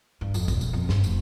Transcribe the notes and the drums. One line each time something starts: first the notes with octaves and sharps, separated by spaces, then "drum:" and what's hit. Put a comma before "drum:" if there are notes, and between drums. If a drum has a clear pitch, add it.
G2
F2, drum: tambourine
D#1, drum: kick A#1, tambourine
C#3, drum: tambourine
F2
G2, drum: snare
F1, drum: tambourine